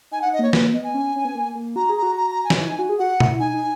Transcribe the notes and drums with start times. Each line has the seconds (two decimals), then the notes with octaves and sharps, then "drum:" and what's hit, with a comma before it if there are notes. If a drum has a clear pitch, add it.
0.11 D#4 G#5
0.22 F#5
0.25 D#4
0.33 D#5
0.39 A#3 C#5
0.53 A#3 B4, drum: snare
0.73 B3 D#5
0.84 G#5
0.94 C#4
1.16 C#4
1.25 B3
1.35 A#3
1.55 A#3
1.76 F#4 A#5
1.89 G#4
1.97 A#5
2.03 F#4
2.17 A#5
2.31 A#5
2.44 G#5
2.50 D#4, drum: snare
2.59 E4
2.68 D#4
2.79 F#4
2.89 G#4
2.99 F#4 F#5
3.20 E4, drum: tom B2
3.40 D#4 G#5
3.54 D#4